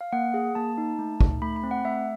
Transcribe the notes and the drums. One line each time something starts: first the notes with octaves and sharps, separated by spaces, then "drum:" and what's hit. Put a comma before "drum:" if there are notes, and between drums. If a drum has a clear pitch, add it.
F5
A#3 F#5
G#4
A#3 A5
D#4
A3
D#4, drum: kick
A3 B5
B5
C4
F#5
A3 E5